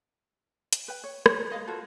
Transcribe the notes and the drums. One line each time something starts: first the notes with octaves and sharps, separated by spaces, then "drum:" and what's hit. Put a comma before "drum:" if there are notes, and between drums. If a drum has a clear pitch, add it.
drum: hi-hat
B4 G5
C#5
C#5, drum: rim click
D#5 F5
F4 F#4 A4